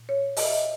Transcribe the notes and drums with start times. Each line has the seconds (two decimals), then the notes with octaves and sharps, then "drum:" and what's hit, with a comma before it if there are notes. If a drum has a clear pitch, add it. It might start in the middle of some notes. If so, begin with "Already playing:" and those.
Already playing: A#2
0.09 C#5
0.37 D#5, drum: open hi-hat
0.44 E5
0.52 D#5